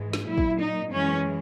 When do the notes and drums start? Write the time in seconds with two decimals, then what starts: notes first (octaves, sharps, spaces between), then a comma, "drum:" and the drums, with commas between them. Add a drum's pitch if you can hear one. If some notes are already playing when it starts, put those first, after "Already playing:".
Already playing: G#2 E3 G#3
0.13 drum: snare
0.27 A#2 F#3 E4
0.38 drum: kick
0.60 D#4
0.92 F#2 E3 G#3 C#4